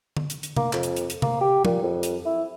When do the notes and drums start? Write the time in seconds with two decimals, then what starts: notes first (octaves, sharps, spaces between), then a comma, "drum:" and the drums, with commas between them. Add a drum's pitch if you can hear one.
0.17 drum: tom D3
0.30 drum: hi-hat
0.43 drum: hi-hat
0.57 A#3, drum: tom C3
0.73 F2, drum: clap
0.83 drum: hi-hat
0.96 drum: hi-hat
1.10 drum: hi-hat
1.22 A#3, drum: tom C3
1.41 G4
1.65 A#2, drum: tom
1.83 F2
2.03 drum: hi-hat
2.25 E4